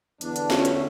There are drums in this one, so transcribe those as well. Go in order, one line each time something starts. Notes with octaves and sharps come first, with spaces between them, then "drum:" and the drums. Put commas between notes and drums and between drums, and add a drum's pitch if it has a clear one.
E2 D3 B3 D4, drum: hi-hat
drum: hi-hat
A3 C#4, drum: snare
drum: hi-hat